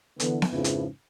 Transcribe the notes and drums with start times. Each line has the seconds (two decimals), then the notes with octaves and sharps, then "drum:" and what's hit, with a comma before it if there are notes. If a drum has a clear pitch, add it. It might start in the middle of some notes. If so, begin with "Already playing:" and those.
0.20 D3 E3 B3, drum: hi-hat
0.42 drum: snare B3
0.52 F2 G#2 C#3 F3 E4 B4
0.64 drum: hi-hat